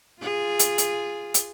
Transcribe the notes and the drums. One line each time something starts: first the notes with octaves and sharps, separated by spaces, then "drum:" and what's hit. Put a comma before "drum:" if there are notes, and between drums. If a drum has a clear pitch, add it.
F4 G#4
drum: hi-hat
drum: hi-hat
drum: hi-hat